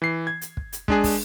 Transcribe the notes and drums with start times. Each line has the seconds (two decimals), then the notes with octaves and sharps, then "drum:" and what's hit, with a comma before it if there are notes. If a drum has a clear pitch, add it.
0.02 E3 C7
0.27 G#6
0.41 drum: hi-hat
0.57 drum: kick
0.73 drum: hi-hat
0.88 G#3 D4 G#4, drum: kick
1.04 drum: kick, open hi-hat